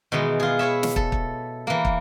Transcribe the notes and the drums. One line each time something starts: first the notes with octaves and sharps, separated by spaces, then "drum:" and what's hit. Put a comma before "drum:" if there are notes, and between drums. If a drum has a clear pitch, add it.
B2 D#3 E3 G#3
F4 G#4
E4 G#4 C#5 E5
drum: snare
A4, drum: kick
drum: kick
E3 A#3
drum: kick